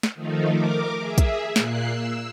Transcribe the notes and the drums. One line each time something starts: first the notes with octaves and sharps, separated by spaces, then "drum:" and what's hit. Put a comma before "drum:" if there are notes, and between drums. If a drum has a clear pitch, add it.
drum: snare
D#3 F3 A3 D#4
A#4 D6
G#4 E5
drum: kick, hi-hat
A#2 A#3 F#6 C7, drum: snare
E6